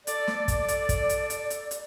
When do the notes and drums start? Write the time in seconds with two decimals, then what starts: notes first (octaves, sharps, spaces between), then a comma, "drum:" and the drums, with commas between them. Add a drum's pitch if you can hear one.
0.07 A4 D5, drum: hi-hat
0.27 drum: snare
0.48 drum: kick, hi-hat
0.68 drum: hi-hat
0.89 drum: kick, hi-hat
1.09 drum: hi-hat
1.30 drum: hi-hat
1.50 drum: hi-hat
1.71 drum: hi-hat